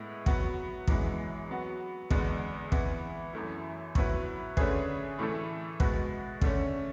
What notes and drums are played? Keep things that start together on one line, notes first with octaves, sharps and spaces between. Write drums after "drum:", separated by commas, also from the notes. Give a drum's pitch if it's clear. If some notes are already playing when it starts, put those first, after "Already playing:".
Already playing: A2 G#3 B3 E4
F#3 B3 F#4, drum: kick
F#2 E3 G#3 B3, drum: kick
F#3 B3 F#4
E2 D3 G#3 B3, drum: kick
E3 B3 E4, drum: kick
F#2 E3 A3 E4
A2 F#3 B3 E4 B4, drum: kick
D3 A3 C#4 G#4 B4, drum: kick
A2 E3 A3 E4 A4
B2 G#3 B3 F#4 B4, drum: kick
D3 A3 C#4, drum: kick